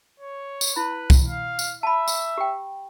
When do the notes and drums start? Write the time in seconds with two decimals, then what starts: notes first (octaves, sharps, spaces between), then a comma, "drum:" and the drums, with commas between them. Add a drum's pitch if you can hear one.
0.20 C#5
0.61 drum: tambourine
0.76 E4 B4 B5
1.10 drum: kick C2, tambourine
1.28 F5
1.59 drum: tambourine
1.83 E5 A5 B5
2.08 drum: tambourine
2.38 G4 G5